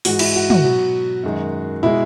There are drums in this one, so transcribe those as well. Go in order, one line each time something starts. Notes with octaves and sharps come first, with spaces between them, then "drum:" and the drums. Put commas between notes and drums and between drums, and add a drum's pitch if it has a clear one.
G#2 E3 G#3 F#4, drum: open hi-hat
E4, drum: cymbal
F#4
F#4, drum: tom
B2 F#3
F#2 D#3 G#3
B2 G#3 E4